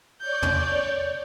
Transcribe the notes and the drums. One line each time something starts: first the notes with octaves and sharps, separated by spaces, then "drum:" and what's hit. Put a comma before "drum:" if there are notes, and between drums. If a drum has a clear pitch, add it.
C#5 D5 G6
drum: tom